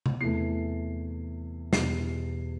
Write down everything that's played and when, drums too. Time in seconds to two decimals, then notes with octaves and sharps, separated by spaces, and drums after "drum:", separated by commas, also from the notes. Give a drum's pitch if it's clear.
0.06 drum: tom C3
0.20 E2 C3 E3 A3 C7
1.73 E2 B2 G3 C7, drum: snare